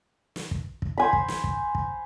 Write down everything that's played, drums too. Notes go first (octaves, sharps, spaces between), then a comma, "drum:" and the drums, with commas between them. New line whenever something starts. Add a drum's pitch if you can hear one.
drum: snare
drum: kick
drum: kick
C5 G#5 B5
drum: kick
drum: snare
drum: kick
drum: kick